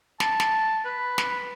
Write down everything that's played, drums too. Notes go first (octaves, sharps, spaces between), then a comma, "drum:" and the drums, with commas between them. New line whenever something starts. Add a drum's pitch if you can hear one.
A5, drum: snare
drum: snare
B4
drum: snare